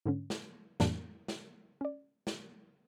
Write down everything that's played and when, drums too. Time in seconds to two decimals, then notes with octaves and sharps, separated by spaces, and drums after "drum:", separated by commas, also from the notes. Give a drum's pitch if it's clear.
0.06 G#2 D3 C#4
0.30 drum: snare
0.80 F2 A2 E3 G3 A#3 D4, drum: snare
1.28 drum: snare
1.81 C#4 D5
2.27 drum: snare